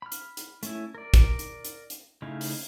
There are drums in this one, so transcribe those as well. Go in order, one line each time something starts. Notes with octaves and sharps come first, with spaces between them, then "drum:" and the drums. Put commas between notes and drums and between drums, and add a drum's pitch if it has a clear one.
B5 F6
drum: hi-hat
drum: hi-hat
A3 C#4 E4, drum: hi-hat
A#4 D5
drum: kick, hi-hat
drum: hi-hat
drum: hi-hat
drum: hi-hat
C#3 A3 D#4 E4 F5
drum: open hi-hat